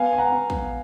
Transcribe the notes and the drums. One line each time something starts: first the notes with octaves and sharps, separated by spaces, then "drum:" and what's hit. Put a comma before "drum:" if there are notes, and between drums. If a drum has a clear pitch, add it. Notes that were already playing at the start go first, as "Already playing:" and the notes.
Already playing: B3 F5 G#5
G#5
F#5 A#5
B3
drum: kick